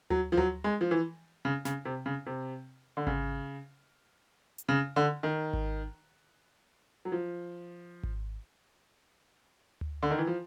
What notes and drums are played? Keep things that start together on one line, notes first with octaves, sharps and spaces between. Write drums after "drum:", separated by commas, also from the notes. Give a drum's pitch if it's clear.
F#3, drum: tom D2
F3
F#3, drum: tom D2
G#3
F3
E3
C#3
C#3, drum: snare
C3
C#3
C3
D3
C#3, drum: kick G#1
drum: hi-hat
C#3
D3
D#3
drum: kick G#1
F#3
F3
drum: kick G#1
drum: tom D2
D3
D#3
E3
F3